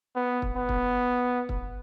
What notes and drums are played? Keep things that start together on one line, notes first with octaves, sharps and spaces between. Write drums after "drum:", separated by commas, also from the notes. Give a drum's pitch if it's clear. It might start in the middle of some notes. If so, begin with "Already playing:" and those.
B3
drum: kick
B3
drum: kick
drum: kick